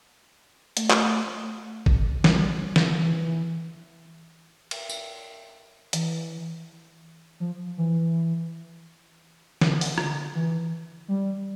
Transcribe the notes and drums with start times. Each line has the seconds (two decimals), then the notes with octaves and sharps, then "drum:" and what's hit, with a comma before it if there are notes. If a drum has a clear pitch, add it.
0.77 A3, drum: hi-hat
0.90 drum: clap
1.86 drum: kick A1
2.24 G3, drum: snare
2.76 drum: snare
2.98 E3
4.71 drum: cymbal
4.89 drum: tambourine
5.93 E3, drum: hi-hat
7.40 F3
7.78 E3
9.61 D3, drum: snare
9.81 drum: open hi-hat
9.98 D3, drum: rim click
10.35 E3
11.08 G3